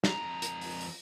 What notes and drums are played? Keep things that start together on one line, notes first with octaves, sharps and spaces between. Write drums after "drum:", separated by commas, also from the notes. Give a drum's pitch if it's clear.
F2 A#5, drum: snare
drum: hi-hat
drum: open hi-hat
drum: open hi-hat